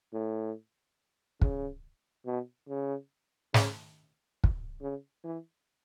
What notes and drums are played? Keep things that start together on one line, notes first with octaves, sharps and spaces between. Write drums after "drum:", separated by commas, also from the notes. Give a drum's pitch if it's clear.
A2
C#3, drum: kick
B2
C#3
C#3, drum: snare
drum: kick
C#3
E3